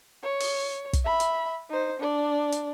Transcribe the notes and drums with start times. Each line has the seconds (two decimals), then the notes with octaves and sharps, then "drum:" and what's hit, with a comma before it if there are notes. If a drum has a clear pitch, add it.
0.23 C#5
0.40 drum: open hi-hat
0.93 drum: kick, hi-hat
1.04 E5 B5
1.20 drum: hi-hat
1.70 D#4 C5
1.99 D4 D5
2.52 drum: hi-hat